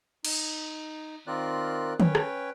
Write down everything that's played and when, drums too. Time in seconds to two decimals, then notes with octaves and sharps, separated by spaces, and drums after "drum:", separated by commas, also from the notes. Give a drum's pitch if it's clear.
0.25 D#4, drum: cymbal
1.27 D#3 C4 F4 A#4 D5 F#6
2.00 C#4 B4 C#5 G5, drum: tom
2.15 drum: rim click